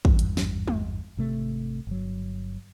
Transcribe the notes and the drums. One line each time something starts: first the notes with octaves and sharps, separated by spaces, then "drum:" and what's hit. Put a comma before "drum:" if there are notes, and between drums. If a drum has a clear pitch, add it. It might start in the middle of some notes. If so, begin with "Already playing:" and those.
G#1 E2 G2, drum: kick
drum: hi-hat
drum: snare
drum: tom G#3
G#1 C3 A3
G1 F#3